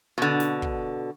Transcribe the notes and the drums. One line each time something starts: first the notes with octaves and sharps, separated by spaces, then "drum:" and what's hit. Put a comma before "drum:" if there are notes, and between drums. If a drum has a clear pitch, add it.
B2 D3
drum: snare
drum: kick